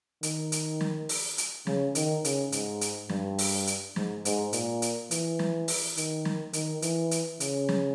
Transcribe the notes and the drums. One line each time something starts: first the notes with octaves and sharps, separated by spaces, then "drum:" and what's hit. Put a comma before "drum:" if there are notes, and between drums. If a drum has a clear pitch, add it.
D#3, drum: hi-hat
drum: hi-hat
drum: snare
drum: open hi-hat
drum: hi-hat
C#3, drum: snare
D#3, drum: hi-hat
C#3, drum: hi-hat
G#2, drum: hi-hat
drum: hi-hat
G2, drum: snare
drum: open hi-hat
drum: hi-hat
G#2, drum: snare
G#2, drum: hi-hat
A#2, drum: hi-hat
drum: hi-hat
E3, drum: hi-hat
drum: snare
drum: open hi-hat
D#3, drum: hi-hat
drum: snare
D#3, drum: hi-hat
E3, drum: hi-hat
drum: hi-hat
C#3, drum: hi-hat
drum: snare